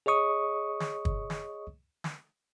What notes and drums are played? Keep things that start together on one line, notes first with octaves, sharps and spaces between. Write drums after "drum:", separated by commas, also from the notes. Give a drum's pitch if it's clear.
G#4 C#5 D#5 C#6 D#6
drum: snare
drum: kick
drum: snare
drum: snare